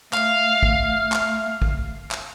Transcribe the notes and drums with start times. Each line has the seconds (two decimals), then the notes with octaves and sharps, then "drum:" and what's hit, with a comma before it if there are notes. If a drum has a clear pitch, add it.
0.13 A3 F5, drum: clap
0.63 drum: kick
1.12 drum: clap
1.62 drum: kick
2.11 drum: clap